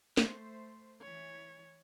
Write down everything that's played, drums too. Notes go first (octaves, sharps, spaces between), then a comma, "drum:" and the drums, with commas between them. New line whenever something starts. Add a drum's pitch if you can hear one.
A3 C5, drum: snare
E3 C#5